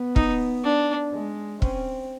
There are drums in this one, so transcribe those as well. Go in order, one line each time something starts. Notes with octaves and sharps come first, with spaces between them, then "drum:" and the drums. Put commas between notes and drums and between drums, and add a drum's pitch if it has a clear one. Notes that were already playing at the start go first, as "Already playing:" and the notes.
Already playing: B3
D#4, drum: kick
D4
G#3
C4 C#4, drum: kick